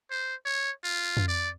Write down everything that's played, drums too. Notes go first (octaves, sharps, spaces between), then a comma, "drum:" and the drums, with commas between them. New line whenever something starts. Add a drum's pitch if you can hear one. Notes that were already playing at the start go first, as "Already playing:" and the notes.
C5
C#5
F4
drum: tom F2
D5